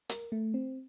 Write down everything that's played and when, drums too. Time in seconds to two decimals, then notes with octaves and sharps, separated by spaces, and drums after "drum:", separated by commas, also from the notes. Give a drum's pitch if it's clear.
0.10 A#4, drum: hi-hat
0.32 A3
0.54 C4